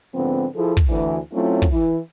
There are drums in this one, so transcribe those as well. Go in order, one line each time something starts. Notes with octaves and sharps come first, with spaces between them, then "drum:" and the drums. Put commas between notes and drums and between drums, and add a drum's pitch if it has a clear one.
G#2 D3 F3 B3 C4
F3 E4 G#4 A4
drum: kick
D2 E3
F#3 A3 C4 C#4 E4 F4
drum: kick
E3